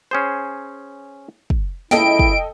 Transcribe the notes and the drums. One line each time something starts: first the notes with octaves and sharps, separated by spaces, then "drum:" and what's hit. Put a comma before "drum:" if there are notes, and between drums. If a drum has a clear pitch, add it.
C#4 G#4 C5
drum: kick
C#2 E4 A4 D#5 G5 D7, drum: snare
drum: kick